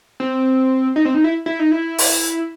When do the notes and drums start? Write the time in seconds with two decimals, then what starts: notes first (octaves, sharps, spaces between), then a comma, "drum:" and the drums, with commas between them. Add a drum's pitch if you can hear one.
0.20 C4
0.96 D#4
1.05 C4
1.14 D#4
1.24 E4
1.46 E4
1.59 D#4
1.71 E4
1.98 drum: open hi-hat